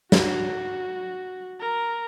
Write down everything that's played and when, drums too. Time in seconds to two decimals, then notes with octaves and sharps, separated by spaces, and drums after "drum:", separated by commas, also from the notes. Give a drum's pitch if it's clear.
0.12 F#4, drum: snare
1.61 A#4